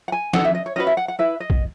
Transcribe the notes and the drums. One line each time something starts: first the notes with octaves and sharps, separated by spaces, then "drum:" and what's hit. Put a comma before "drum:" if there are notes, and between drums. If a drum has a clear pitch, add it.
F#5
G#5
D#4 A4 F#5, drum: snare
E5
D#5
C#5
C#4 F#4 B4 D#5
E5
F#5
F#5
E4 B4 E5
D#5
drum: kick